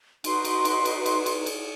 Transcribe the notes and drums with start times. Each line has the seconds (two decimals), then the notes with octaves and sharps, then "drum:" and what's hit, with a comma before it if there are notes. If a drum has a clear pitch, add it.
0.24 D#4 F#4 B4 C6, drum: cymbal
0.45 drum: cymbal
0.65 drum: cymbal
0.85 drum: cymbal
1.06 drum: cymbal
1.26 drum: cymbal
1.46 drum: cymbal